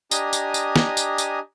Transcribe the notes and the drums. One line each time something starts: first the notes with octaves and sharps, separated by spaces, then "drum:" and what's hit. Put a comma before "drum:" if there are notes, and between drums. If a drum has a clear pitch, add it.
D4 G4 D#5 G#5 A#5 D#6, drum: tambourine
drum: tambourine
drum: tambourine
drum: snare
drum: tambourine
drum: tambourine